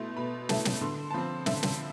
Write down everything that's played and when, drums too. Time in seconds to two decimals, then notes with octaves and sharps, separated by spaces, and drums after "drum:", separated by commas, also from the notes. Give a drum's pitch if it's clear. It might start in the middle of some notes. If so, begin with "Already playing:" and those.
Already playing: B2 A3 E4 C6
0.17 B2 B5
0.49 A3 E4 A5, drum: snare
0.65 drum: snare
0.81 D3 C6
1.11 A5
1.14 F3 C4 B5
1.46 D3 E5, drum: snare
1.63 drum: snare